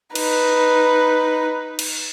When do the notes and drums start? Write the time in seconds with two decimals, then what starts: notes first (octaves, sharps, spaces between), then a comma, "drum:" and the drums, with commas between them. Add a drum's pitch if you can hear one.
0.15 D#4 B4, drum: cymbal
1.79 drum: cymbal